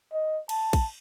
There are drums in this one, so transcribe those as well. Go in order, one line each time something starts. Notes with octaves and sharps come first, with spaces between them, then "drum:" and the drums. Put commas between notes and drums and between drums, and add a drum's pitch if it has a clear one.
D#5
A5, drum: cymbal
drum: kick, cymbal